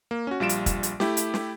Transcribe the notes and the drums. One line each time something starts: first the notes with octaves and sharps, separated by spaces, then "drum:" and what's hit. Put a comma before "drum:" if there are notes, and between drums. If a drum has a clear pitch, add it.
A#3
C#4 F#4
A#1 G3 F4 D7 E7
drum: hi-hat
drum: kick, hi-hat
drum: hi-hat
A3 E4 G4, drum: snare
drum: hi-hat
drum: snare